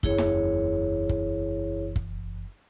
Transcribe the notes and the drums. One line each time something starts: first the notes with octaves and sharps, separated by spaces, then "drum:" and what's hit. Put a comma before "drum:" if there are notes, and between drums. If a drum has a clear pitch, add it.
F#1 E2 E4 G#4 C#5, drum: kick
drum: snare
drum: kick
drum: kick